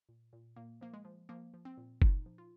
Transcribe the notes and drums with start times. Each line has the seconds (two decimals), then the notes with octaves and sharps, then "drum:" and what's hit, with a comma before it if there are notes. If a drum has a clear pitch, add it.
0.09 A#2
0.33 A#2
0.56 A#2 A#3
0.81 F3 A#3
0.94 G#3
1.05 F3
1.29 F3 A#3
1.54 F3
1.65 C4
1.78 A#2
2.02 A#2 D#4, drum: kick F#1
2.26 F3
2.38 F4